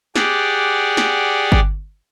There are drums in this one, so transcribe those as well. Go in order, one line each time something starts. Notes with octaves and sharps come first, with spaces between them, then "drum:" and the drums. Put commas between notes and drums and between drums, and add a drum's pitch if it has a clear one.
G4 G#4 D5 F#5, drum: snare
drum: snare
drum: kick G1